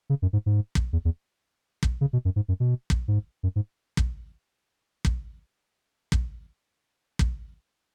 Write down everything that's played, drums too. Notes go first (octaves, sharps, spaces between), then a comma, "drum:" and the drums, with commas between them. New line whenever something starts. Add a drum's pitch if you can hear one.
C#3
F#2
G#2
G#2
drum: kick
E2
E2
drum: kick
C#3
B2
F#2
G#2
F#2
B2
drum: kick
G#2
F#2
G#2
drum: kick
drum: kick
drum: kick
drum: kick